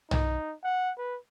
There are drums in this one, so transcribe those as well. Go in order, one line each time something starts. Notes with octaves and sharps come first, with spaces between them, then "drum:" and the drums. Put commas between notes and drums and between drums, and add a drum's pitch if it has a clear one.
D#4, drum: tom B1
F#5
B4